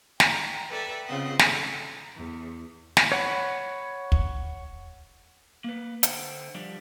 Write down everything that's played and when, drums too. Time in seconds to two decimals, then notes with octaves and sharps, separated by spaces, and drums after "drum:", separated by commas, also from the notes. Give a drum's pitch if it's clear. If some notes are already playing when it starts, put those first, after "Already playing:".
0.20 G5 A#5, drum: snare
0.68 A4 B4 D5 E5 G5
1.05 C#3 C4 F4 D#5 F#5 C6
1.39 A4, drum: snare
1.79 A#5
2.15 E2
2.97 drum: snare
3.12 C#5 F#5 B5
4.12 drum: kick
5.64 A#3 B4
6.03 D3 C5 F#5 G5, drum: hi-hat
6.55 F3 G3 D4